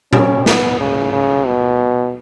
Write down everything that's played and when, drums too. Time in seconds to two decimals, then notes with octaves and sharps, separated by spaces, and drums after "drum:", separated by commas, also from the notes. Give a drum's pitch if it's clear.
0.13 C#4, drum: tom
0.46 B3, drum: snare
0.80 C#3
1.13 C#3
1.47 B2